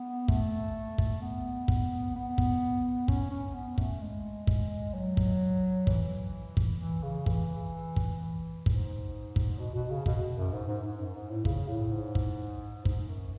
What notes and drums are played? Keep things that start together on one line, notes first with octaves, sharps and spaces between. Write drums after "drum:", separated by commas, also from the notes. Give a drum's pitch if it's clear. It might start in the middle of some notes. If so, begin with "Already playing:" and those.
Already playing: B3
A3, drum: kick
drum: kick
B3
drum: kick
B3
drum: kick
C#4, drum: kick
C#4
B3
A3, drum: kick
G#3
drum: kick
F#3
drum: kick
E3, drum: kick
drum: kick
E3
C#3
E3, drum: kick
drum: kick
G#2, drum: kick
drum: kick
B2
B2
C#3
B2, drum: kick
F#2
G#2
G#2
G#2
F#2
G#2
A2
C#3, drum: kick
A2
G#2
drum: kick
G#2, drum: kick
F#2